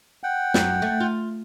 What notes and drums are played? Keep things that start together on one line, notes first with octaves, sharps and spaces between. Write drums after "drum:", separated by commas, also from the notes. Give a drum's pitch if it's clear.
F#5 G5
F#2, drum: snare
A3
F4